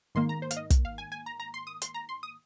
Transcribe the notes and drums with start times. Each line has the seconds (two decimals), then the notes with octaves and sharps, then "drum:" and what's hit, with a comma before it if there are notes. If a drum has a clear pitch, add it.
0.15 G#2 D#3 A#3 C6
0.29 A#5
0.42 C5
0.51 F5, drum: hi-hat
0.57 D#5
0.70 drum: kick, hi-hat
0.85 F5
0.98 G#5
1.12 G#5
1.26 A#5
1.40 A#5
1.54 C6
1.67 D#6
1.82 C6, drum: hi-hat
1.94 A#5
2.09 C6
2.23 D#6